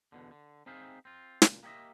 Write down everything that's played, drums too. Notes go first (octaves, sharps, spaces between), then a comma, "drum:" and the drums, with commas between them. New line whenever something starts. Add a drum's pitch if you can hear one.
E2 B2 D3
D3
C4 D#4 G#4 E5 F5 G5
C4 F4
C#2 A#2, drum: snare
A#3 G4 G#4 C#5 D#5 E5